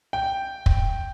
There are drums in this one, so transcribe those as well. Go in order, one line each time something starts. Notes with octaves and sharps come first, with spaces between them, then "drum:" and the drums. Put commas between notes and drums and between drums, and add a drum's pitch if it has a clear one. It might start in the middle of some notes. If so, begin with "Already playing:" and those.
G5
drum: kick